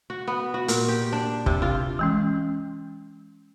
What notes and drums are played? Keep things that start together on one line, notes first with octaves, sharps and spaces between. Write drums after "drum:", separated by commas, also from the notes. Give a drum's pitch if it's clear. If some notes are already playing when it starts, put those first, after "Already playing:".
F#4
B3
F#4
A#2, drum: hi-hat
G4
D4
C3, drum: kick
F4
E3 G#3 C#4